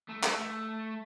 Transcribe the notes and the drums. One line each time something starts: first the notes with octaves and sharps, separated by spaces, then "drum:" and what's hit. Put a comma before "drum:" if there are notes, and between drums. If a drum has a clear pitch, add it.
A3
A3, drum: clap
A3